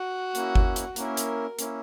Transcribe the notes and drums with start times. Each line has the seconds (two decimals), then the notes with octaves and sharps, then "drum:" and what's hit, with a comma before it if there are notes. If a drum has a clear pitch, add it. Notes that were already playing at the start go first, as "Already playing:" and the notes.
Already playing: F#4
0.35 A#3 C#4 E4, drum: hi-hat
0.55 drum: kick G1
0.76 drum: hi-hat
0.96 A#3 C#4 E4 A#4, drum: hi-hat
1.17 drum: hi-hat
1.59 A#3 C#4 E4, drum: hi-hat